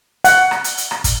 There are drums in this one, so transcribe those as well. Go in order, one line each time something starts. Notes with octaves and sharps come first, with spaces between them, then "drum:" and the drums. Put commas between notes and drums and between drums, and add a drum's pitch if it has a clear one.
F#5, drum: hi-hat
drum: rim click
drum: hi-hat
drum: hi-hat
drum: rim click
drum: kick, hi-hat